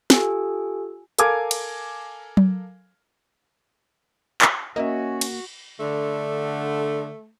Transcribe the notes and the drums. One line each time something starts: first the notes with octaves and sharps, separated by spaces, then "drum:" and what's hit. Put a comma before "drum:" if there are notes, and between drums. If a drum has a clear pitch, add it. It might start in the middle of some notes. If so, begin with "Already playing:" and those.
F4 G4 A4 G#5 E6, drum: snare
A4 A#4 F5 G#5 D6 G#6, drum: hi-hat
drum: cymbal
drum: tom F#3
drum: clap
A#3 C#4 F#4 D#5 E5
drum: cymbal
D3 A3